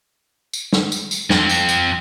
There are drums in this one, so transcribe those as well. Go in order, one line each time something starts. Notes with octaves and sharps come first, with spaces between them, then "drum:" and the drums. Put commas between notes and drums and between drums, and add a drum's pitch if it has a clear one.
drum: tambourine
drum: snare
drum: tambourine
drum: tambourine
F2 C4, drum: snare
drum: tambourine
drum: tambourine